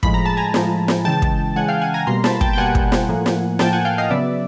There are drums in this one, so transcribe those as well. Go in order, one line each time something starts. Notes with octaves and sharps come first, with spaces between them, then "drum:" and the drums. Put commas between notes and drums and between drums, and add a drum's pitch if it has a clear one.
A2 F3 G#3 B5, drum: kick
A#5
A5
G#5 A#5
A2 F3 G#3, drum: snare
drum: snare
C#3 E3 G#3 G5 A5
drum: kick
C#3 E3 G#3 F#5 G#5
F5 G5
F#5 G#5
G#5 A#5
B2 G3 A#3 A#5 C6
A5 B5, drum: snare
G5 A5, drum: kick
G5
B2 G3 A#3 F#5 G#5
drum: kick
drum: snare
A2 F3 A#3
drum: snare
A2 F3 A#3 G5 A5, drum: snare
F#5 G#5
F5 G5
D#5 F5
C#3 F#3 B3 D5 E5